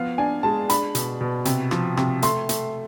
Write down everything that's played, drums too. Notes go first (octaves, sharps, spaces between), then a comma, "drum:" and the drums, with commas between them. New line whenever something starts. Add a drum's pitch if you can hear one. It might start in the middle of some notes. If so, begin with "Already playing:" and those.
Already playing: F3 B3 F5
D4 G#5
G#3 A5
D4 B5, drum: hi-hat
B2, drum: hi-hat
B2
C3, drum: hi-hat
F3, drum: rim click
C3, drum: rim click
A3 C6, drum: hi-hat
A3, drum: hi-hat